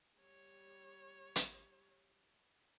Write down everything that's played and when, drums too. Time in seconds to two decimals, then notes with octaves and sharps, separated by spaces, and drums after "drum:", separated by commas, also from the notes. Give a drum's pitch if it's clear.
0.20 G3 C#5
1.36 drum: hi-hat